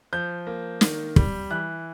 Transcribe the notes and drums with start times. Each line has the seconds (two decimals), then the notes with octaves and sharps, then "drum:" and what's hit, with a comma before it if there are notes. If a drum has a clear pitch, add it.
0.13 F3 G6
0.47 A#3
0.81 D#3, drum: snare
1.16 G3, drum: kick
1.51 E3 F#6